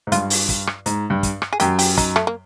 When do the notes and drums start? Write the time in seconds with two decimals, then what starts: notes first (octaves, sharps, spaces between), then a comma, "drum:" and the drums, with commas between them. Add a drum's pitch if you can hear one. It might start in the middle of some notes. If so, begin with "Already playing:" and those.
0.07 G#2
0.12 G2 F4, drum: hi-hat
0.30 drum: open hi-hat
0.49 drum: kick, hi-hat
0.67 drum: rim click
0.86 G#2, drum: hi-hat
1.10 G2
1.23 drum: kick, hi-hat
1.42 drum: rim click
1.53 G#4
1.60 F#2 G4, drum: hi-hat
1.79 G4, drum: open hi-hat
1.98 D#4, drum: kick, hi-hat
2.16 A3, drum: rim click
2.27 A#3